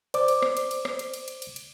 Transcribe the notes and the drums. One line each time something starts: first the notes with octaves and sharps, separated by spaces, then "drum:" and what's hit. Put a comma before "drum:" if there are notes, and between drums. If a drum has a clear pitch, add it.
C5 D5 D6, drum: cymbal
drum: cymbal
drum: rim click
drum: cymbal
drum: cymbal
drum: rim click
drum: cymbal
drum: cymbal
drum: cymbal
drum: cymbal
drum: cymbal